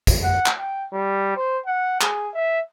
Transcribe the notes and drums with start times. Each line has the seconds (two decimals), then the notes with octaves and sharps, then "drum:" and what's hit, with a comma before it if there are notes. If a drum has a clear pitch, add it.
0.07 drum: kick, tambourine
0.23 F#5
0.46 drum: clap
0.59 G5
0.92 G3
1.37 C5
1.66 F#5
2.01 G#4, drum: clap
2.33 E5